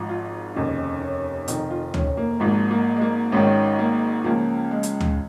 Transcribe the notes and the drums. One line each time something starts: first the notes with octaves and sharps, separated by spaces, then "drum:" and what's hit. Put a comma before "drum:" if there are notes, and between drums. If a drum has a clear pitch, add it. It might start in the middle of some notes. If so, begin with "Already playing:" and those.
Already playing: G#1 G#2 F3
F4
F1 D#2 C#3 D#4
C#4
F1 F2 D#3 D#4, drum: hi-hat
F4
C#4, drum: tom D2
A#3
G#1 G#2 F3 A#3
A#3
G#3
A#3
G#1 G#2 D#3 C#4
A#3
C#2 C#3 F3 A#3
G#3
drum: hi-hat
drum: tom D2